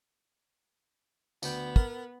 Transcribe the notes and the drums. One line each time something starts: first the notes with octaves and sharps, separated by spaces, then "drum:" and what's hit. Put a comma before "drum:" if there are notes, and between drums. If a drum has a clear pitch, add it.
D2 B3 G5, drum: tambourine
A#4, drum: kick